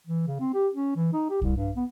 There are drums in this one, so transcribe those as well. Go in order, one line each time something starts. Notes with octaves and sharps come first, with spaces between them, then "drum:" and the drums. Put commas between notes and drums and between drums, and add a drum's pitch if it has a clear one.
E3
C#3
C4
G4
C#4
E3
D#4
G4
C2, drum: kick
G2
B3